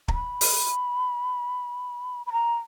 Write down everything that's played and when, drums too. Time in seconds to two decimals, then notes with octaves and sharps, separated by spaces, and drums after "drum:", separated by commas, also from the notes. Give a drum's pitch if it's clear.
0.08 A#5, drum: kick
0.14 B5
0.41 drum: open hi-hat
2.26 B5
2.33 A#5